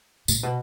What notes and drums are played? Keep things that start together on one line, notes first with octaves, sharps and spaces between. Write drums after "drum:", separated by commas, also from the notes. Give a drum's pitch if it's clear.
A#2, drum: tambourine
B2